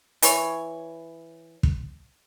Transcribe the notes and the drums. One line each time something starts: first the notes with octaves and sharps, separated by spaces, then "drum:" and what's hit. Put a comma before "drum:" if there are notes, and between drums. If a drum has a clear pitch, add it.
E3 C#5, drum: hi-hat
drum: kick